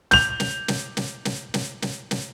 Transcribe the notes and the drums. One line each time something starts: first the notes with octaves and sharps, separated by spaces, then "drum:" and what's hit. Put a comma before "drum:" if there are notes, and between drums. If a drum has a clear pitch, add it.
G6 F7, drum: snare
drum: snare
drum: snare
drum: snare
drum: snare
drum: snare
drum: snare
drum: snare